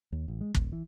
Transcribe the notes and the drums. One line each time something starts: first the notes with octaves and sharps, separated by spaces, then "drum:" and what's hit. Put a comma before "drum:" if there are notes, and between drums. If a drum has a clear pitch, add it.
D#2
A1
G#3
D#1, drum: kick
E3